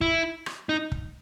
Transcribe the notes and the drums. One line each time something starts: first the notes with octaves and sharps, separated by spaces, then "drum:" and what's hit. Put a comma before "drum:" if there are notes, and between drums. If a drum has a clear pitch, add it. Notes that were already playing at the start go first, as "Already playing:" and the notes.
E4, drum: kick
drum: rim click
D#4
drum: kick